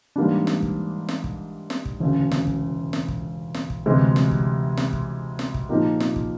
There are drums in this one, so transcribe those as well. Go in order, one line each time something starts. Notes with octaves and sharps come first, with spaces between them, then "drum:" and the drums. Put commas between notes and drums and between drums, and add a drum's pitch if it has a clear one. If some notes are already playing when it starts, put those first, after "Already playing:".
G#2 E3 G3 A#3 D4
drum: snare
drum: kick
drum: snare
drum: kick
drum: snare
drum: kick
E1 D2 C#3
drum: snare
drum: kick
drum: snare
drum: kick
drum: snare
drum: kick
D2 C3 E3 G#3
drum: snare
drum: kick
drum: snare
drum: kick
drum: snare
drum: kick
A#2 F3 A#3 D#4 G4
drum: snare
drum: kick